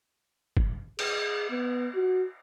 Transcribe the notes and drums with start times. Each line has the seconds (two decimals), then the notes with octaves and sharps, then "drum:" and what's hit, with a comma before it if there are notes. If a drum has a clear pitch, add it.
0.57 drum: kick
0.99 G#4, drum: cymbal
1.50 B3
1.95 F#4